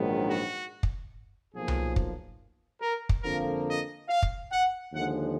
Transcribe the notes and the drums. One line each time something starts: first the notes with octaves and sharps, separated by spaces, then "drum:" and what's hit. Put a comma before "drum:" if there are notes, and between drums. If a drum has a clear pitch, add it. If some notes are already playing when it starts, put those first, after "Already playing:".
Already playing: A#1 G#2 D#3 F#3 B3
F#4
drum: kick
B1 A#2 F3 A#3 G#4
drum: tom C2
drum: kick
A#4
drum: kick
F2 D3 F3 A#3 A#4
D#5
F5
drum: kick
F#5
D#2 D3 F3 G#3 F#5